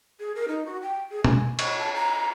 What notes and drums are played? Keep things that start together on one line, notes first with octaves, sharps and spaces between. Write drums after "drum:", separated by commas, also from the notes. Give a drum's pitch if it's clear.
G#4
A#4
D#4
F#4
G5
G#4
G#5, drum: tom
C#6, drum: cymbal
A5
A#5